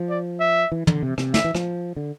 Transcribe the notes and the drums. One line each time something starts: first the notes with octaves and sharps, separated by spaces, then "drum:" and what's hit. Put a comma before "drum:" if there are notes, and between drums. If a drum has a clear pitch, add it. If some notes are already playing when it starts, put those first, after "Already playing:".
Already playing: F3
D5
E5
E3
D3, drum: tom
C3
C3, drum: rim click
D3 E5, drum: snare
E3
F3, drum: rim click
D3